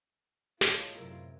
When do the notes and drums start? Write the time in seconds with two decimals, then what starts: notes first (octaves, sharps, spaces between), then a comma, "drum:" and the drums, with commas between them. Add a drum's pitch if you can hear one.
0.61 A2 G#3 F4 A4 C#5, drum: snare
0.95 F#2 C3 F#3 E4 A#4